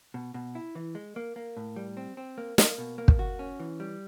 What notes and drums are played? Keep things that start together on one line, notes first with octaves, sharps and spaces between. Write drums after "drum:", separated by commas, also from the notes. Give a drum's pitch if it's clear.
B2
B2
E4
E3
G#3
A#3
A#3
A2
G3
C4
C4
A#3
A#3, drum: snare
B2
A#3
drum: kick
F#4
C#4
E3
G3